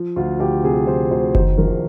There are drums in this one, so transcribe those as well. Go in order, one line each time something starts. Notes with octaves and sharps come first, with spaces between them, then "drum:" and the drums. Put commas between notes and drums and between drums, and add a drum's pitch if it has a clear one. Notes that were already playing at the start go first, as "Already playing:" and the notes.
Already playing: F3
D2 F4
D2 G4
C3 G#4
F3 C5
D2 C5
D#3 C5, drum: kick F#1
A#1 A#4